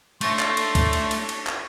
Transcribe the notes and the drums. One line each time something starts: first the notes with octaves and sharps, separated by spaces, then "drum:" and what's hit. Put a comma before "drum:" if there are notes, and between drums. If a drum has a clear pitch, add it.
A3 D4 C#5 C6 C#6 A6 A#6, drum: cymbal
drum: clap
drum: cymbal
drum: kick, cymbal
drum: cymbal
drum: cymbal
drum: cymbal
drum: clap